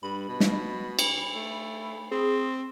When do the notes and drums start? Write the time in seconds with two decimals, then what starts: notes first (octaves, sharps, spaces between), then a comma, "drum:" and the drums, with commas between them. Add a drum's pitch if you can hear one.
0.03 G2 B5
0.28 B2
0.40 drum: snare
0.99 drum: cymbal
1.34 A3
2.11 C4 G#4